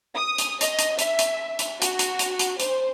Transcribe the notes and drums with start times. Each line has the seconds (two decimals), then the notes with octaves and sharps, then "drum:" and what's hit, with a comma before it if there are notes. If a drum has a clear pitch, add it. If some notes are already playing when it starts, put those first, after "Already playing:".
0.16 D#6
0.38 drum: hi-hat
0.61 D#5, drum: hi-hat
0.79 drum: hi-hat
0.99 E5, drum: hi-hat
1.19 drum: hi-hat
1.59 drum: hi-hat
1.82 F#4, drum: hi-hat
1.99 drum: hi-hat
2.19 drum: hi-hat
2.39 drum: hi-hat
2.60 C5, drum: hi-hat